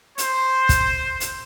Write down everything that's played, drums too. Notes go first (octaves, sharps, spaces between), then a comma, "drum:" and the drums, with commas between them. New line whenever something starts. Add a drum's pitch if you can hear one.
C5, drum: hi-hat
drum: kick, hi-hat
drum: hi-hat